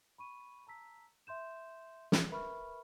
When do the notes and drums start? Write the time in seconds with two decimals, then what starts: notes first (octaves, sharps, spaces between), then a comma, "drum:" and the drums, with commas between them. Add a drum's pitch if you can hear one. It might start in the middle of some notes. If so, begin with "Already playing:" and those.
0.18 B5 C#6 D#7
0.67 A5 A#5 E6 B6
1.27 E5 C6 G6 E7
2.12 drum: snare
2.30 A#4 B4 E5 B5 C#6 F6